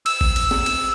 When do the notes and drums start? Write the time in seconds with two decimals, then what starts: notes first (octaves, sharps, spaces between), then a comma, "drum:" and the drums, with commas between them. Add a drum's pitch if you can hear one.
0.06 E6, drum: cymbal
0.21 drum: kick A1
0.36 drum: cymbal
0.51 drum: snare
0.66 drum: cymbal